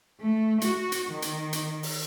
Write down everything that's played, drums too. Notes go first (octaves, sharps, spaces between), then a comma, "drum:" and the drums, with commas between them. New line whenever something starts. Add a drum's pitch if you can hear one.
A3
F#4, drum: hi-hat
drum: hi-hat
D#3
drum: hi-hat
drum: hi-hat
drum: open hi-hat